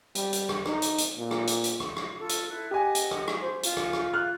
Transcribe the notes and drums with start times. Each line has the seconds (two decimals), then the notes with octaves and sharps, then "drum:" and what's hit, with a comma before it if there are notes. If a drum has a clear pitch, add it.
0.15 G3, drum: hi-hat
0.33 drum: hi-hat
0.49 drum: rim click
0.65 D#4, drum: rim click
0.82 drum: hi-hat
0.98 drum: hi-hat
1.18 A#2
1.31 drum: rim click
1.47 drum: hi-hat
1.64 drum: hi-hat
1.80 drum: rim click
1.97 drum: rim click
2.20 F4 A4
2.29 drum: hi-hat
2.49 E4 A4 F#6
2.71 G4 D#5 F#5 G#5
2.95 drum: hi-hat
3.11 drum: rim click
3.28 drum: rim click
3.40 C5
3.63 F4, drum: hi-hat
3.77 drum: rim click
3.93 drum: rim click
4.14 F6 F#6